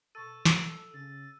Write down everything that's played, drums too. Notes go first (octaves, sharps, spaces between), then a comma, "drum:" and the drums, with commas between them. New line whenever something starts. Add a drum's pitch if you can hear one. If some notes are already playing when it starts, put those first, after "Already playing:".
B2 A4 A5 C#6 E6 A6 D#7
drum: snare
C#3 A6